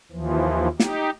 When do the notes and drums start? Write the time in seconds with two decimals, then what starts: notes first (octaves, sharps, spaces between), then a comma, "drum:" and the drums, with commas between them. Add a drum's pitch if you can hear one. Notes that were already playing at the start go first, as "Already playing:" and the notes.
0.12 D#2 E3 F3
0.80 D#4 G4, drum: snare